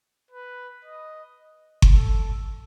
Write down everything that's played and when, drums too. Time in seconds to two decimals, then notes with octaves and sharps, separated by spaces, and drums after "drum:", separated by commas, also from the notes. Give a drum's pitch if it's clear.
0.31 B4
0.85 D#5
1.82 drum: kick G1
1.93 A4